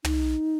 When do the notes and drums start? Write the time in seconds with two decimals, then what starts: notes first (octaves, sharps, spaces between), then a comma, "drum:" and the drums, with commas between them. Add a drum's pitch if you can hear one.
0.04 D#4, drum: tom